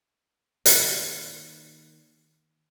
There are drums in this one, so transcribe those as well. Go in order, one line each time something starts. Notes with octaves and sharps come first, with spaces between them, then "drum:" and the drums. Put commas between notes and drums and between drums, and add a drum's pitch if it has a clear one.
D#3 A#3, drum: hi-hat